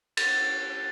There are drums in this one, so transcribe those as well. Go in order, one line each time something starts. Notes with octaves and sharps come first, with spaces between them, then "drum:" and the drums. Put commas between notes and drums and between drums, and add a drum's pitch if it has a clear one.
A6, drum: cymbal